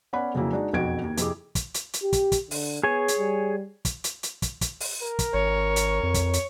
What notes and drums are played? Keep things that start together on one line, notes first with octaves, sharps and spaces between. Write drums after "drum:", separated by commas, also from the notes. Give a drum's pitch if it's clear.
B3 C#4 D5 F#5 B5
F2 C#3 F#3 A#3 E4
G#3 D4 D#4 F#4 G#4
E1 B1 F2 F#4 G#6 D7
D#2
F2 C3 E4 G#4 D6, drum: hi-hat
drum: kick, hi-hat
drum: hi-hat
drum: hi-hat
G4
drum: kick, hi-hat
drum: kick, hi-hat
D3, drum: open hi-hat
B3 G#4 C#5 G#5
drum: hi-hat
G3
drum: kick, hi-hat
drum: hi-hat
drum: hi-hat
drum: kick, hi-hat
drum: kick, hi-hat
drum: open hi-hat
A#4
drum: kick, hi-hat
G#1 C#5
drum: hi-hat
F2
drum: kick, hi-hat
drum: hi-hat